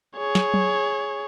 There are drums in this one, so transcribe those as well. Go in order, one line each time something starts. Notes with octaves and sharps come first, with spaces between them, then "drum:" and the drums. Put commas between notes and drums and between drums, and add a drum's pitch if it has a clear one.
G#4 C#5
drum: snare
drum: tom F#3